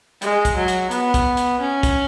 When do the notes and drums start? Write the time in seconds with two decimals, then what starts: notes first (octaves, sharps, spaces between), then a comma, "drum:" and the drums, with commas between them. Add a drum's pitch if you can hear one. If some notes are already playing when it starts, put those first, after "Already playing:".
0.22 G#3, drum: hi-hat
0.45 drum: kick, hi-hat
0.56 F#3
0.68 drum: hi-hat
0.91 B3, drum: hi-hat
1.14 drum: kick, hi-hat
1.37 drum: hi-hat
1.60 C#4
1.83 drum: kick, hi-hat